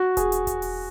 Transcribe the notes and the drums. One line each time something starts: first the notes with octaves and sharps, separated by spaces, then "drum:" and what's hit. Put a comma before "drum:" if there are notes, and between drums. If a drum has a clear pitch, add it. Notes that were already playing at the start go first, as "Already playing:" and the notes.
Already playing: F#4
G#4, drum: kick E1, hi-hat
drum: hi-hat
drum: kick E1, hi-hat
drum: open hi-hat